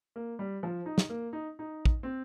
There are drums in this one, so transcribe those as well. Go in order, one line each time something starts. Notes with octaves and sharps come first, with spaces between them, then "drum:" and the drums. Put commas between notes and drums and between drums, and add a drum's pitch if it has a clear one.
A#3
G3
F3
D#4
drum: snare
A#3
D#4
D#4
drum: kick
C4